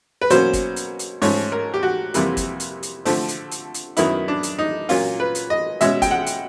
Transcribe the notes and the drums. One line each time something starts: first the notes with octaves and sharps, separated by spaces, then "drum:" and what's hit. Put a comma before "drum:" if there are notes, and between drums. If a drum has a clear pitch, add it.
B4
B2 F#3 A#3 C#4 C5, drum: hi-hat
drum: kick, hi-hat
drum: hi-hat
drum: hi-hat
G#2 F3 A3 C#4 C#5, drum: open hi-hat
A#4
G4
F#4
F2 C3 E3 G3 A#3, drum: hi-hat
drum: kick, hi-hat
drum: hi-hat
drum: hi-hat
D3 F3 A3 C4, drum: open hi-hat
drum: hi-hat
drum: hi-hat
drum: hi-hat
F#2 D#3 F#3 B3 E4, drum: hi-hat
D4
drum: hi-hat
D#4
A#2 F#3 A#3 C#4 F4, drum: open hi-hat
B4
drum: hi-hat
D#5
B2 G#3 C#4 E5, drum: hi-hat
G5, drum: kick, hi-hat
F#5
drum: hi-hat